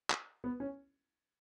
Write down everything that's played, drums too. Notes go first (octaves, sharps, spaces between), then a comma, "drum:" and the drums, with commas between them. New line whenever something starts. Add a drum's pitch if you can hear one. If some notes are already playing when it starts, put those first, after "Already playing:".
drum: clap
B3
C#4